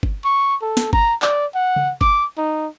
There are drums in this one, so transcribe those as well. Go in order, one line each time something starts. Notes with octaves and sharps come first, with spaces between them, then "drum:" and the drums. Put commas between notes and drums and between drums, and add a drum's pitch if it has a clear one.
drum: kick G1
C#6
A4
drum: snare
A#5, drum: kick G1
D5, drum: clap
F#5
drum: tom C#3
D6, drum: kick G1
D#4